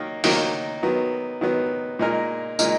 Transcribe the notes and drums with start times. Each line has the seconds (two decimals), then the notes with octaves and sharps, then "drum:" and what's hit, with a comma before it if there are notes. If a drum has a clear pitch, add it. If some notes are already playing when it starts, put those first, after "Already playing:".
Already playing: D#3 F#3 A#3
0.24 D#3 F#3 A#3, drum: open hi-hat
0.83 D#3 F#3 B3
1.41 D#3 F#3 B3
1.99 A#2 G#3 D#4 A#4
2.59 A#2 G#3 D#4 A#4, drum: tambourine